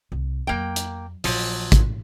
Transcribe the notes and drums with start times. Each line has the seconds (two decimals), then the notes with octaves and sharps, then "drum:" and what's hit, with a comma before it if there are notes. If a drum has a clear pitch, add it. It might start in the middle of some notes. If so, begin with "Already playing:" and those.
0.12 C2
0.47 F2 F#3 A#3 G5
0.76 drum: hi-hat
1.24 A#1 F3 F#3, drum: open hi-hat
1.72 drum: kick, hi-hat